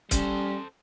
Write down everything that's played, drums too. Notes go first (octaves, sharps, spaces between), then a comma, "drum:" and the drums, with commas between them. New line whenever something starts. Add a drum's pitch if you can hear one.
G3 C#4 A4 C5, drum: kick, hi-hat